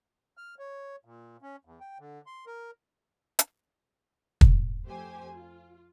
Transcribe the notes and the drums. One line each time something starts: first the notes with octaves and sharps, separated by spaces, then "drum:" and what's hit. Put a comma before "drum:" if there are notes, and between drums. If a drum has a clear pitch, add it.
F6
C#5
A#2
C#4
E2
G5
D3
C6
A#4
drum: hi-hat
drum: kick
F2 A3 G4 C5 G#5
F4